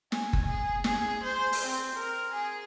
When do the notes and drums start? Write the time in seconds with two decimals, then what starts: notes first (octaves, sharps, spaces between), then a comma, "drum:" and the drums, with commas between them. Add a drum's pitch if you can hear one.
0.12 G#5, drum: snare
0.33 drum: kick F#1
0.46 G#4
0.84 G#4, drum: snare
1.23 C5
1.52 drum: open hi-hat
1.65 C4
1.95 A#4
2.33 G#4